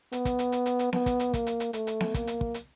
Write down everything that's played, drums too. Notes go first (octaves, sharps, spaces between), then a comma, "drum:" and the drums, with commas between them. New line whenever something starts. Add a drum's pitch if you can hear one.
B3, drum: hi-hat
drum: kick, hi-hat
drum: hi-hat
drum: hi-hat
drum: hi-hat
drum: hi-hat
B3, drum: snare B3
drum: kick, hi-hat
drum: hi-hat
A#3, drum: kick, hi-hat
drum: hi-hat
drum: hi-hat
A3, drum: hi-hat
drum: hi-hat
drum: snare B3
A#3, drum: kick, hi-hat
drum: hi-hat
drum: kick
drum: hi-hat